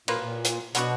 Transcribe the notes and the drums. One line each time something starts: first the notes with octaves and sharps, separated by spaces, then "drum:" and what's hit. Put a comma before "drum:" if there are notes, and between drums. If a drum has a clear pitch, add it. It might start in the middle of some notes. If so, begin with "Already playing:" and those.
A#2 A#3 F4 B4, drum: cymbal
A#2
drum: hi-hat
B2 F#3 B3 D4 F#4, drum: hi-hat